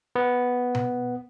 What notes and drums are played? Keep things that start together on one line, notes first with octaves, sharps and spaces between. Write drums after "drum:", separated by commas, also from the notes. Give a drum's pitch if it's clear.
B3
drum: tom B2